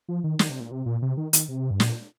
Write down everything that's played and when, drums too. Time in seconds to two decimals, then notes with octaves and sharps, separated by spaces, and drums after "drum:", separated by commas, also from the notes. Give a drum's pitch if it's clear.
0.09 F3
0.24 D#3
0.39 D#3, drum: snare
0.50 C3
0.60 A#2
0.71 C3
0.86 A#2
1.02 C3
1.17 D#3
1.33 D#3, drum: hi-hat
1.49 C3
1.71 G2
1.80 A#2, drum: snare